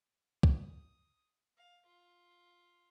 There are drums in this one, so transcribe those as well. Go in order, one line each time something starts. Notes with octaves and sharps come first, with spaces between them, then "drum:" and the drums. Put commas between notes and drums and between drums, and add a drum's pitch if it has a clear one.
D#6, drum: kick
F5
F4